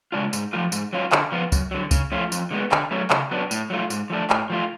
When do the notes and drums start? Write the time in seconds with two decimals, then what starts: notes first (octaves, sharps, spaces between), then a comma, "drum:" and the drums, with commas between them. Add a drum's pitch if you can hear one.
0.12 C#3 G#3 D4 F4
0.33 G#2, drum: tambourine
0.53 F3 A3 F4
0.72 G#2, drum: tambourine
0.93 F#3 C#4 F4
1.12 D3, drum: clap
1.32 F3 B3 F4
1.52 F#2, drum: kick C2, tambourine
1.71 D3 F#3
1.91 C#3, drum: kick C2, tambourine
2.12 F3 A3 C#4 F4
2.32 F2, drum: tambourine
2.51 D3 G#3 B3
2.72 D3, drum: clap
2.91 F#3 A3 C#4
3.10 C#3, drum: clap
3.31 F#3 B3 D4
3.51 A2, drum: tambourine
3.70 F#3 A3 F4
3.90 G#2, drum: tambourine
4.10 F3 A3 D4
4.30 A2, drum: clap
4.50 F3 A3 F4